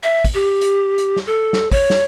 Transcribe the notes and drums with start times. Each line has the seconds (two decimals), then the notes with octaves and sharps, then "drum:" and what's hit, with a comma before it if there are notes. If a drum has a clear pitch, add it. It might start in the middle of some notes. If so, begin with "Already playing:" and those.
0.03 E5
0.24 drum: kick, open hi-hat
0.34 G4
0.61 drum: hi-hat
0.98 drum: hi-hat
1.16 drum: snare
1.27 A4
1.53 drum: snare
1.72 C#5, drum: kick, open hi-hat
1.90 drum: snare